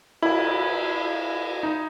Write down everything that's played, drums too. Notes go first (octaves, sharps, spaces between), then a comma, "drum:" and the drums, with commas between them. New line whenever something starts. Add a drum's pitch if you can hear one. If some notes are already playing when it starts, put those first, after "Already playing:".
E4, drum: cymbal
D#4